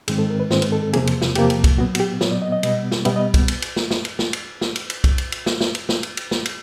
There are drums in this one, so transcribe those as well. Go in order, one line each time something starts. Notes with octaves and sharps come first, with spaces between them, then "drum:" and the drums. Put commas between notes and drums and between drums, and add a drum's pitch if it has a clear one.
G#2 D#3 G#3 C4 G#4, drum: cymbal
A4
A#4
B4
G#2 D#3 G#3 C4 C5, drum: snare
B4, drum: cymbal
A4
A4
E2 C3 F3 A#3 G#4, drum: cymbal
drum: cymbal
drum: snare
E2 C3 F3 A#3 G4, drum: cymbal
drum: cymbal
drum: kick, cymbal
A#2 F#3 B3 F#4
F#4, drum: cymbal
G4
A#2 F#3 B3 C#5, drum: snare
D5
D#5
D#5
B2 G3 B3 D#5, drum: cymbal
drum: snare
B2 G3 B3 E5, drum: cymbal
D#5
drum: kick, cymbal
drum: cymbal
drum: cymbal
drum: snare
drum: snare
drum: cymbal
drum: snare
drum: cymbal
drum: snare
drum: cymbal
drum: cymbal
drum: kick, cymbal
drum: cymbal
drum: cymbal
drum: snare
drum: snare
drum: cymbal
drum: snare
drum: cymbal
drum: cymbal
drum: snare
drum: cymbal